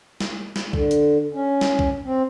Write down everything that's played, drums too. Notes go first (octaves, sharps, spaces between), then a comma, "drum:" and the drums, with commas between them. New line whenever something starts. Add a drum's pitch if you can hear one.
drum: snare
drum: snare
D3, drum: kick B1
drum: hi-hat
C#4
drum: snare
drum: kick B1
C4